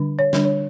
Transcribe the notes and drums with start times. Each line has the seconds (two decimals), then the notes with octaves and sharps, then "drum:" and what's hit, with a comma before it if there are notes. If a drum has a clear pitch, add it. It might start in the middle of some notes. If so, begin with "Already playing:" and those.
Already playing: D3 G3 D4
0.19 C#5
0.33 D3 G3 D4, drum: snare
0.45 C#5